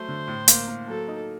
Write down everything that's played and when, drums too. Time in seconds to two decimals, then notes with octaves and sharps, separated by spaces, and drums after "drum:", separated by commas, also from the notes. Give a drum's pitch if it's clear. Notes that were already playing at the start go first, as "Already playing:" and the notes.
Already playing: F#3 A3 C5
0.08 D3
0.28 A2
0.48 A#3, drum: hi-hat
0.68 A#3
0.88 F#3 A4
1.08 D#4